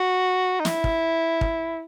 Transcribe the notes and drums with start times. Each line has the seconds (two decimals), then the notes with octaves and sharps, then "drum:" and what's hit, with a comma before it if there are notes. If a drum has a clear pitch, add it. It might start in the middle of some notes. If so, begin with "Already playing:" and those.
Already playing: F#4
0.60 D#4
0.65 E4, drum: snare
0.84 drum: kick
1.41 drum: kick